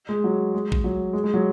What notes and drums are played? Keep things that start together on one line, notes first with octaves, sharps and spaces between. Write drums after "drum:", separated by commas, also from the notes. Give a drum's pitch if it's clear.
G#3
F#3
G#3
drum: kick A1
F#3
G#3
G#3
F#3